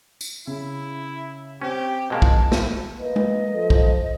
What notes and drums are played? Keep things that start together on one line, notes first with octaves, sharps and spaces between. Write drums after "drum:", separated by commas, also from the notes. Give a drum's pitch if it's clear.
drum: tambourine
C#3 E4
C4 C#4 G4
B2 G#3 A#3 A5
drum: kick
drum: snare
A#3 B4 D#5
drum: tom G#3
F3 A4
drum: kick